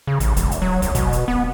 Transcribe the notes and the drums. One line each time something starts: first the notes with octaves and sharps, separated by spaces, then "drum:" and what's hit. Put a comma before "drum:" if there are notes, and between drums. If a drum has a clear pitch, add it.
C#3
A1, drum: hi-hat
E1, drum: kick, hi-hat
drum: hi-hat
F#3
C2, drum: hi-hat
B2, drum: kick, hi-hat
drum: hi-hat
B3